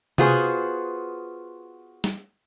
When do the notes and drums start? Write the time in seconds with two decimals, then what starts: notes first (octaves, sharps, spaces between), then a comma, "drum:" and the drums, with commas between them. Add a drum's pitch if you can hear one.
0.18 B3 F4 F#4 G#4 C5, drum: tom C3
2.04 drum: snare